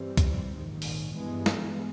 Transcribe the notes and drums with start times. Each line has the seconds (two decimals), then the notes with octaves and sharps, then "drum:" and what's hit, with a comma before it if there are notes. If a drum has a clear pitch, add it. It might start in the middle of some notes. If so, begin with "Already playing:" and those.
Already playing: G2 E3 G3 C4
0.17 drum: kick, hi-hat
0.49 A#1 G#2 D#3
0.82 drum: open hi-hat
1.14 G2 E3 G#3 B3
1.46 drum: snare